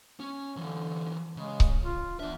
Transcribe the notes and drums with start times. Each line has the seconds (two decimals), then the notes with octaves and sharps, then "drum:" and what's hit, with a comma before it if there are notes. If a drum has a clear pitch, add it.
0.20 C#4
0.57 D3 E3 F#3
1.36 C#3 G#3
1.60 drum: kick C#1
1.84 F4
2.20 E2 D4 E5